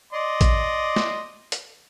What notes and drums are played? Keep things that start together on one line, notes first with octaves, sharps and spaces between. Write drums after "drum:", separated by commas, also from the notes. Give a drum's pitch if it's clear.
D5 D#5 C6
drum: kick A1, hi-hat
drum: snare
drum: hi-hat